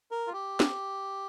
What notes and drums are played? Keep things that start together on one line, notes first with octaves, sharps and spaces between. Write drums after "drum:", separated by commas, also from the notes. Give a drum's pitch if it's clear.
A#4
F4
G4
drum: snare